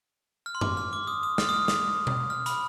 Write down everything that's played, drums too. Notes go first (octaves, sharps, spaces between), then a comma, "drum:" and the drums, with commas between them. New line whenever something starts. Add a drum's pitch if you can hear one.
F6
C6
D6, drum: tom F#2
F6
D6
D#6
D#6
F6, drum: snare
D#6
F6
D#6, drum: snare
drum: tom B2
F6
B5, drum: hi-hat